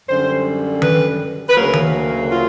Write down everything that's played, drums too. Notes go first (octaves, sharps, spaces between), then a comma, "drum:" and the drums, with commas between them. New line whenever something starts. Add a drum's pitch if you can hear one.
F#2 D3 G3 C5
B4, drum: tom D#3
B4
D2 C#3 F#3 A#3 A#4
drum: tom D#3
F4